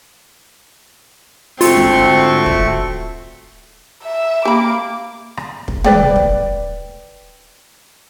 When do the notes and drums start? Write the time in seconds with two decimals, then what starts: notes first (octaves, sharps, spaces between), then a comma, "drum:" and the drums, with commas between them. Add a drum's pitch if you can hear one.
1.61 G#2 D3 A3 C4 F4 F#4 C#6, drum: open hi-hat
1.77 drum: snare
2.46 drum: kick
4.03 E5
4.45 A#3 G4 B5 D6
5.37 drum: rim click
5.68 drum: kick
5.84 B4 D5 G5, drum: tom
6.16 drum: kick